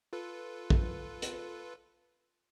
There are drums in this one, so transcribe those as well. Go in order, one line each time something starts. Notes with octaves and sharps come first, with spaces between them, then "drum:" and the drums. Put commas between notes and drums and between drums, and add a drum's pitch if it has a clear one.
F4 A4 B4
drum: kick
drum: hi-hat